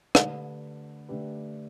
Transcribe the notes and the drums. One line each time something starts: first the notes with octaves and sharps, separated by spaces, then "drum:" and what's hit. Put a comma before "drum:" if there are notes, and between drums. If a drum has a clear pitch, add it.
D3 A3 D4 G4 B4, drum: rim click
D3 A3 D4 G4 B4